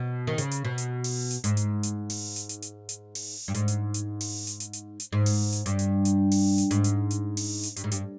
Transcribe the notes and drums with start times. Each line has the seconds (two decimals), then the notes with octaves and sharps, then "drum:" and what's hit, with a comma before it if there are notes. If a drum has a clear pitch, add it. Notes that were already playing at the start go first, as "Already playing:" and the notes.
Already playing: B2
0.27 D#3
0.38 C#3, drum: hi-hat
0.51 drum: hi-hat
0.65 B2
0.78 drum: hi-hat
1.04 drum: open hi-hat
1.31 drum: hi-hat
1.44 G#2, drum: hi-hat
1.57 drum: hi-hat
1.83 drum: hi-hat
2.10 drum: open hi-hat
2.36 drum: hi-hat
2.49 drum: hi-hat
2.62 drum: hi-hat
2.89 drum: hi-hat
3.15 drum: open hi-hat
3.48 G2
3.55 G#2, drum: hi-hat
3.68 drum: hi-hat
3.94 drum: hi-hat
4.21 drum: open hi-hat
4.47 drum: hi-hat
4.60 drum: hi-hat
4.73 drum: hi-hat
5.00 drum: hi-hat
5.12 G#2
5.26 drum: open hi-hat
5.52 drum: hi-hat
5.66 G2, drum: hi-hat
5.79 drum: hi-hat
6.05 drum: hi-hat
6.31 drum: open hi-hat
6.58 drum: hi-hat
6.71 G#2, drum: hi-hat
6.84 drum: hi-hat
7.11 drum: hi-hat
7.37 drum: open hi-hat
7.63 drum: hi-hat
7.76 G2, drum: hi-hat
7.84 G#2
7.92 G2, drum: hi-hat